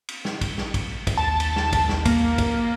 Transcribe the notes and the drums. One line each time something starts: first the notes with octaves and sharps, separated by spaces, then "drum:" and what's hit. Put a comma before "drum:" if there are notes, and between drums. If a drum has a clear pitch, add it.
drum: cymbal
drum: snare
drum: kick, cymbal
drum: snare
drum: kick, cymbal
drum: kick, cymbal
D#2 A5
drum: cymbal
drum: snare
drum: kick, cymbal
drum: snare
A#3, drum: kick, cymbal
drum: kick, cymbal